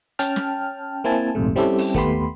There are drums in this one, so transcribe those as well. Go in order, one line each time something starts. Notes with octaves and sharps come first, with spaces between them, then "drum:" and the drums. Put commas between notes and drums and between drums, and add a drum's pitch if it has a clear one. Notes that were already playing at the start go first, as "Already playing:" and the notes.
C#4 G5 A5 F6, drum: hi-hat
drum: snare
A#3 C4 E4 G#5 A5
A#1 F2 G#2 C3 A3
G3 C4 C#4 E4 G4 A4
drum: open hi-hat
D#2 A3 B3 G4 B5 C6, drum: kick